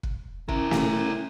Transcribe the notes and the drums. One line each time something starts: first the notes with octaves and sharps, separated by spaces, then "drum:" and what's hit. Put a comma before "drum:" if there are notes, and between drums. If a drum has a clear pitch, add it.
drum: kick
C#4 E4 A#4, drum: kick
drum: snare